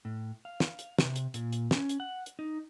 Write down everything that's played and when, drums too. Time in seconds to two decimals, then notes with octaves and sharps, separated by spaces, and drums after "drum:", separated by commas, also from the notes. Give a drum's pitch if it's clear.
0.05 A2
0.45 F5
0.60 drum: snare
0.79 drum: hi-hat
0.99 C3, drum: snare
1.16 drum: hi-hat
1.34 A#2, drum: hi-hat
1.53 drum: hi-hat
1.71 C#4, drum: snare
1.89 drum: hi-hat
2.00 F#5
2.26 drum: hi-hat
2.39 D#4